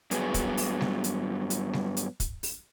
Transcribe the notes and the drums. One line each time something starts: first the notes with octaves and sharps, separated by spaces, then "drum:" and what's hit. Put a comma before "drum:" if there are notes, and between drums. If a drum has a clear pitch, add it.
G2 F#3 B3 G#4, drum: hi-hat
drum: kick, hi-hat
drum: open hi-hat
drum: snare
drum: hi-hat
drum: hi-hat
drum: snare
drum: hi-hat
drum: kick, hi-hat
drum: open hi-hat